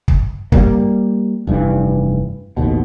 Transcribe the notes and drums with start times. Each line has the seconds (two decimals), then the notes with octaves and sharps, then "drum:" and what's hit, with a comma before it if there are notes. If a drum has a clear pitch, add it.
0.08 drum: kick
0.52 G3 A#3, drum: kick
1.47 F1 G2 E3
2.57 A1 D#2 B2